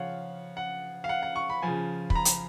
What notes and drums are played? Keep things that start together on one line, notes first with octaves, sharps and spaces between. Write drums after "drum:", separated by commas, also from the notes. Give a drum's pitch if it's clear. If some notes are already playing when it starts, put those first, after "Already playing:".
Already playing: C#3 F3 C#5 F5 F#5
F#5
F5
F#5
F#5
C#6
B5
C#3 F3 G#5
B5, drum: kick
A#5
drum: hi-hat